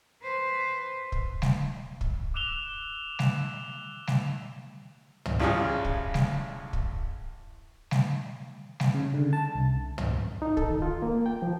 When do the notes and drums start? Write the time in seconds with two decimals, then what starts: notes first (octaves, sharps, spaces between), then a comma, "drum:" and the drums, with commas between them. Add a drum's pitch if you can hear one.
0.23 B4 C5
1.12 drum: kick
1.42 drum: snare G3
2.01 drum: kick
2.34 D6 E6 F#6 E7 F7 G7
3.19 drum: snare G3
4.07 drum: snare G3
5.26 drum: tom
5.40 A1 C#3 F3 G3 G#4 F6
5.85 drum: kick
6.14 drum: snare G3
6.73 drum: kick
7.91 drum: snare G3
8.80 drum: snare G3
8.94 C#3
9.14 D3
9.33 A5
9.54 C2
9.98 drum: tom
10.42 D#4
10.57 A4, drum: kick
10.70 D#3
10.82 F4
11.02 A#3
11.26 G5
11.42 F3